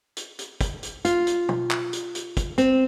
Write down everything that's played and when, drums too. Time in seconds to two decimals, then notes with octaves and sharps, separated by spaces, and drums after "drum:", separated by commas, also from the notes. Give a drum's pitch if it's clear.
0.17 drum: hi-hat
0.39 drum: hi-hat
0.61 drum: kick, hi-hat
0.83 drum: hi-hat
1.05 F4, drum: hi-hat
1.27 drum: hi-hat
1.49 drum: tom
1.71 drum: clap
1.93 drum: hi-hat
2.15 drum: hi-hat
2.37 drum: kick, hi-hat
2.58 C4, drum: hi-hat